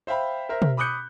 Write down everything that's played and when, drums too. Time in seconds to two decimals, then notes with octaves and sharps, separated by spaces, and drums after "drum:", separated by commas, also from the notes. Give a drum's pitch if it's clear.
0.07 C5 E5 F5 G5 B5
0.49 A#4 C5 E5
0.62 drum: tom
0.77 B5 D6 D#6 F#6 G6 C#7